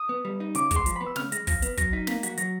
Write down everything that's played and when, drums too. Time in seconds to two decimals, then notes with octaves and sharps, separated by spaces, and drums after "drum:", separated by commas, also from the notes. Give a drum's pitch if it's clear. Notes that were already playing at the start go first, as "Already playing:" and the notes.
Already playing: D#6
0.09 B3
0.25 G3
0.40 D#4
0.55 C#3 D6, drum: hi-hat
0.71 G#3, drum: kick, hi-hat
0.76 C6
0.86 F3, drum: hi-hat
0.96 B3 B5
1.06 E6
1.16 C#3 F6, drum: snare
1.32 G#3 A#6, drum: hi-hat
1.47 F3 A#6, drum: kick, open hi-hat
1.62 B3, drum: hi-hat
1.77 F#3 A#6, drum: kick, hi-hat
1.93 D#4 B6
2.07 A#3 B6, drum: snare
2.23 F#4 B6, drum: hi-hat
2.37 F#3 A#6, drum: hi-hat